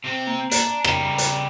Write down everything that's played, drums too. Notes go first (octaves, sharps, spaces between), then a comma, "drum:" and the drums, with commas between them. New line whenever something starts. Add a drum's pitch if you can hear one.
C3 C4
A#3
D4 A#5, drum: hi-hat
C#3 G3, drum: rim click
drum: hi-hat